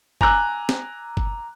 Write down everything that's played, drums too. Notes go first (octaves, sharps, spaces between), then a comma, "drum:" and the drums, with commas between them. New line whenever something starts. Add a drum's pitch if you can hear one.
G#5 A#5 D6 E6 F#6, drum: kick G1
drum: snare
drum: kick G1